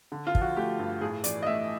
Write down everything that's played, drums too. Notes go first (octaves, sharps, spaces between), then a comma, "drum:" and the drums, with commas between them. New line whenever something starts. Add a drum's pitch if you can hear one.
D3
F4
F3, drum: kick
F#4
A3 G4
G2
A2 G#4
E3 D5, drum: hi-hat
D#5
A3 E5